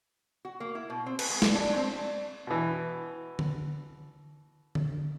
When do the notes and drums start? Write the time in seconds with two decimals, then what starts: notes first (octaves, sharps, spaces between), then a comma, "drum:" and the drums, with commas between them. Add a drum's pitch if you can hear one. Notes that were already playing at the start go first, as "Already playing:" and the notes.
0.45 F#4
0.60 A#3
0.75 E4
0.90 B2
1.06 C4
1.19 B4, drum: cymbal
1.30 G#3
1.42 D4, drum: snare
1.55 D4
1.76 C4
2.47 B2 E3
3.39 drum: tom D3
4.75 drum: tom D3